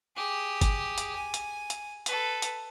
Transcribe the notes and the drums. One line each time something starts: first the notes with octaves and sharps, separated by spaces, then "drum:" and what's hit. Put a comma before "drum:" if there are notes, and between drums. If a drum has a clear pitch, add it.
G4 G#4
drum: kick, hi-hat
drum: hi-hat
G#5
drum: hi-hat
drum: hi-hat
A4 B4, drum: hi-hat
drum: hi-hat